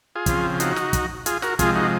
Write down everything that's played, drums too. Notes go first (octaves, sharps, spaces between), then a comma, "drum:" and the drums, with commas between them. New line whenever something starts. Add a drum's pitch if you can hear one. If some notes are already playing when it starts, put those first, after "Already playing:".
F4 G#4
C#3 F3 C4, drum: kick, hi-hat
D#4 F#4, drum: hi-hat
drum: snare
drum: kick, hi-hat
F4 G#4, drum: hi-hat
F#4 A#4, drum: snare
C3 F3 G#3 F4 G#4, drum: kick, hi-hat
D#4 F#4